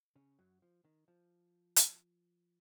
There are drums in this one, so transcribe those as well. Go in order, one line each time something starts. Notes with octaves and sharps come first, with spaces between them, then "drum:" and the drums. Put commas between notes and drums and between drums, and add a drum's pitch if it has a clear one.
C#3 C#4
F#2 F#3
F3
D#3
F3
drum: hi-hat